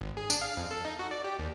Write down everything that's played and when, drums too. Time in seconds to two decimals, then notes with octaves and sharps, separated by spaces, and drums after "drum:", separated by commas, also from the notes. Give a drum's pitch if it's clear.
0.01 G#1
0.17 G#4
0.30 D4, drum: tambourine
0.41 F5
0.57 F2
0.71 A4
0.85 D#4
0.99 F#4
1.11 D5
1.24 G4
1.39 D#2